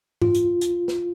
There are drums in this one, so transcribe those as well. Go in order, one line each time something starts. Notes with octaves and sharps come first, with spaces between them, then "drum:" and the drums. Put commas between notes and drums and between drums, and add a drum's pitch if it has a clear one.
F4, drum: tom G#2
drum: hi-hat
drum: hi-hat
drum: snare